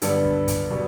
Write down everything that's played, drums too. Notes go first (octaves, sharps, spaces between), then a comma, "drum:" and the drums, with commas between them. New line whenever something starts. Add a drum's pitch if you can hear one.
G2 D3 G3 B3 A4, drum: hi-hat
drum: kick
drum: kick, hi-hat
B2 G3 B3